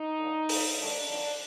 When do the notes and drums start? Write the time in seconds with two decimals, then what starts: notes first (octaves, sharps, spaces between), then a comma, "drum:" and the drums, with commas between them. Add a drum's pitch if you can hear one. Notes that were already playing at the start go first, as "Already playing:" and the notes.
Already playing: D#4
0.20 D2 D3 F3
0.49 D2 D3 F3, drum: open hi-hat
0.78 G#2 D#3 F#3 D4
1.07 F2 D#3 F#3 D4